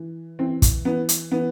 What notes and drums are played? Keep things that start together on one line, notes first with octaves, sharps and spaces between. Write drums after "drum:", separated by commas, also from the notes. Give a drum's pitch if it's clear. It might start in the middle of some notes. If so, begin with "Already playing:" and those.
Already playing: E3
E3 C4
drum: kick, hi-hat
E3 B3
drum: hi-hat
E3 B3